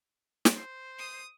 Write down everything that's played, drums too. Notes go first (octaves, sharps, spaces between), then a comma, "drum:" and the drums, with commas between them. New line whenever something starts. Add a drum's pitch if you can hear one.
drum: snare
C5
D#6